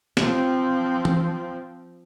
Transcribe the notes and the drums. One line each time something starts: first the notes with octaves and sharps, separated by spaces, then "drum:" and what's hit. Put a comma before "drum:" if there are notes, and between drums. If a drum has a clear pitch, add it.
F3 C4, drum: snare
drum: tom E3